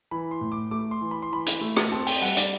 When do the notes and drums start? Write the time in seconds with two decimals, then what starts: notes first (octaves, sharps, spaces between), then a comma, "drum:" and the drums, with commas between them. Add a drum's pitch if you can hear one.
0.11 E3 B5
0.31 C6
0.41 A2
0.52 D6
0.71 A3 D6
0.91 C6
1.01 E3
1.11 B5
1.22 C6
1.31 E3 B5
1.46 drum: hi-hat
1.61 A3
1.76 drum: rim click
1.92 C4 A5
2.07 G5, drum: open hi-hat
2.22 G3 F#5
2.37 D5, drum: hi-hat